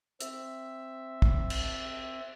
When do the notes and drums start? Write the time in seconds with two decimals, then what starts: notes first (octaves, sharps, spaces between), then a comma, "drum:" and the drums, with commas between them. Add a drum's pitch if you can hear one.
0.21 C4 E5, drum: hi-hat
1.22 drum: kick
1.50 drum: cymbal